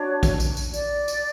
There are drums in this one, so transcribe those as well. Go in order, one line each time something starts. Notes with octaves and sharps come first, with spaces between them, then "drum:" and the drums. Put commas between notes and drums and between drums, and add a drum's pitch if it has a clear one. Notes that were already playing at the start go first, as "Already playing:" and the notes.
Already playing: D4 F#4 C#5
drum: kick, tambourine
drum: tambourine
drum: tambourine
D5, drum: tambourine
drum: tambourine